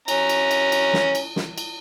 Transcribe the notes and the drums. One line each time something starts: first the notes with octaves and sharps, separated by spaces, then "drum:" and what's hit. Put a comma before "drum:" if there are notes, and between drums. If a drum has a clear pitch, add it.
C#4 A#5, drum: cymbal
drum: cymbal
drum: cymbal
drum: cymbal
drum: snare
drum: cymbal
drum: snare
drum: cymbal